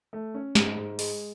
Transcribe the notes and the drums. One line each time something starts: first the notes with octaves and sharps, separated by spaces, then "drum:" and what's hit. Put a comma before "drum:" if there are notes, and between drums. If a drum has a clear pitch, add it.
A3
C#4
G#2, drum: snare
G#2
G#3, drum: open hi-hat